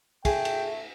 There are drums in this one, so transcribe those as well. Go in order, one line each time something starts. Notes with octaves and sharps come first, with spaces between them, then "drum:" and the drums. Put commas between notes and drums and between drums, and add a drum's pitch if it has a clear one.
A3 G#4 G5, drum: kick, cymbal
drum: cymbal